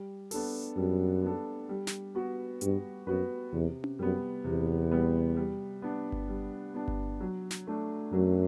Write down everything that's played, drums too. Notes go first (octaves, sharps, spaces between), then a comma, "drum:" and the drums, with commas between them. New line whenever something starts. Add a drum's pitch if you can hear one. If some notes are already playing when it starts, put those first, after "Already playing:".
Already playing: G3
B3 D4 A4, drum: open hi-hat
F#2 G3
B3 D4 A4
G3
drum: snare
B3 F#4 B4
G2 G3, drum: hi-hat
F#2 B3 F#4 B4
E2 C3
drum: tom C#4
F#2 G3 B3
E2 C3
G3 B3
G3
B3 D4
drum: kick G1
G3
B3 D4
drum: kick G1
F#3
drum: snare
A3 D4 A4
F#2 F#3